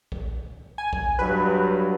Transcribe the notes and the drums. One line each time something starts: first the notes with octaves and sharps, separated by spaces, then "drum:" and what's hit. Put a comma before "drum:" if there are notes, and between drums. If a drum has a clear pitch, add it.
drum: kick A#1
G#5
drum: kick A#1
G2 F#3 B4